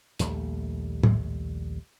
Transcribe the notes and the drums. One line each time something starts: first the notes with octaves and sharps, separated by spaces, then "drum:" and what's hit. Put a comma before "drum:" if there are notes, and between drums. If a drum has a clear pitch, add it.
A#1 D#2 G3 A3, drum: hi-hat
drum: tom A2